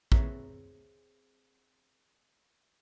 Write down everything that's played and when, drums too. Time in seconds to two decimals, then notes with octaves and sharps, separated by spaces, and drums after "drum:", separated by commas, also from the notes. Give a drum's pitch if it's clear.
0.12 C4 G#4 B4 C#5 E5 A#5, drum: kick